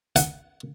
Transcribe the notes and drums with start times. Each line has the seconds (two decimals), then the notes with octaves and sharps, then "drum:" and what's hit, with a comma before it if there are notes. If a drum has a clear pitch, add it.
0.16 F#5, drum: hi-hat